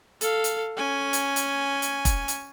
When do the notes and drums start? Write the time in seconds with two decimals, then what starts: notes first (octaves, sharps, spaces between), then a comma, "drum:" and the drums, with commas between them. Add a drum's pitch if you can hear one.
0.21 A4 F5, drum: hi-hat
0.44 drum: hi-hat
0.77 C#4 G#5
1.13 drum: hi-hat
1.36 drum: hi-hat
1.82 drum: hi-hat
2.05 drum: kick, hi-hat
2.28 drum: hi-hat